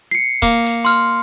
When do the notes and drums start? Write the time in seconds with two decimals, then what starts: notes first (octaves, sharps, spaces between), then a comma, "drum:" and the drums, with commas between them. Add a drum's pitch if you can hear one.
0.11 C7 C#7
0.42 A#3, drum: kick, hi-hat
0.64 drum: hi-hat
0.85 C6 F6, drum: hi-hat